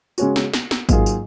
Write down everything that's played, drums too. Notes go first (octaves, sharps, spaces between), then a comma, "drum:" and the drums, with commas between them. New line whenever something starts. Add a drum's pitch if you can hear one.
C#3 G#3 C#4 F#4, drum: tambourine
drum: snare
drum: snare
drum: snare
G#2 F#3 A#3 F4 G#4, drum: kick G#1, tambourine
drum: tambourine